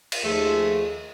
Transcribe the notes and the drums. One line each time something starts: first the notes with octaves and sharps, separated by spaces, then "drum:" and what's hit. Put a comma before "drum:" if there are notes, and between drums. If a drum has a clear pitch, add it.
drum: cymbal
D#2 F3 A3 G#4